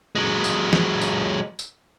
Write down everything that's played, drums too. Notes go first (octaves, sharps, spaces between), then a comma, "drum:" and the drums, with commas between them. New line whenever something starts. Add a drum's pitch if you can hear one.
F#3 G#3
drum: tambourine
drum: snare
drum: tambourine
drum: tambourine